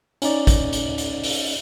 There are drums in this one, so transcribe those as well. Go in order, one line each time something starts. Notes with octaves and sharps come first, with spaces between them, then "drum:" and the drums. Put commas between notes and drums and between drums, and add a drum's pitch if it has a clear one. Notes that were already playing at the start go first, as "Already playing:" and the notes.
C#4 D#4 D5, drum: hi-hat
drum: kick, hi-hat
drum: hi-hat
drum: hi-hat
drum: open hi-hat